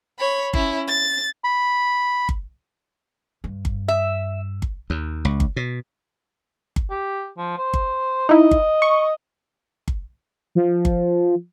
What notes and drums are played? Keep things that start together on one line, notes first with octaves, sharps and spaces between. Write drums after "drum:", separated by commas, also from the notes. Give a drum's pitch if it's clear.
C#5 B5
C#4 E4, drum: kick G1
A6
B5
drum: kick G1
G2
drum: kick G1
E5
drum: kick G1
D#2
C#2
drum: kick G1
B2
drum: kick G1
G4
F3
C5
drum: kick G1
D#4 E4 D#5
drum: kick G1
C#6
drum: kick G1
F3
drum: kick G1